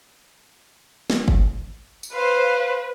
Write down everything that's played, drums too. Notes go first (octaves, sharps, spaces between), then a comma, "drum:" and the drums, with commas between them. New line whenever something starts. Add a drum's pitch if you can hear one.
drum: snare
drum: kick
drum: tambourine
B4 C5 F5